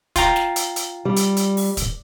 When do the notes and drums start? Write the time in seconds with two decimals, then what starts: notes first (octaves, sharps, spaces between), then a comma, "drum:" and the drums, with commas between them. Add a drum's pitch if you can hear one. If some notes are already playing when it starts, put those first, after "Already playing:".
0.16 F4 G5 A#5, drum: kick, hi-hat
0.36 drum: snare
0.56 drum: hi-hat
0.76 drum: hi-hat
1.05 G3
1.17 drum: hi-hat
1.37 drum: hi-hat
1.57 drum: open hi-hat
1.77 drum: kick, hi-hat